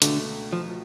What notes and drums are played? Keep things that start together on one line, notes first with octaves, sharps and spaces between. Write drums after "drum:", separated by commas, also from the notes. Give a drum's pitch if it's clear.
C#2 B2 D3 A3, drum: hi-hat
F3